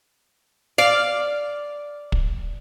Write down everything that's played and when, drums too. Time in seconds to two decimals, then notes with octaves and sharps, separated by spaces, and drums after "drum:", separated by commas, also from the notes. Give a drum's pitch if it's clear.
0.78 D5 F5 D6 F6
2.12 drum: kick